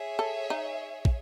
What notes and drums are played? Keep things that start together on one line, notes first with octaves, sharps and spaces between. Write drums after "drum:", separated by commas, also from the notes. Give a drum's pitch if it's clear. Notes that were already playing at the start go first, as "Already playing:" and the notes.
Already playing: G#4 C#5 E5
A4
D#4
drum: kick